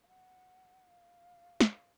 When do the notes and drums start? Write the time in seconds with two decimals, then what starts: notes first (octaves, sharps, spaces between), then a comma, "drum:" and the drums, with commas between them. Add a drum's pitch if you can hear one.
0.04 F5
0.08 F#5
0.89 F5
1.60 drum: snare
1.70 F5